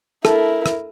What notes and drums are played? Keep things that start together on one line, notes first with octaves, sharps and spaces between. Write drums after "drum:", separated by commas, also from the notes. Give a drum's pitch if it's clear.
E4 A4 A#4, drum: rim click
drum: rim click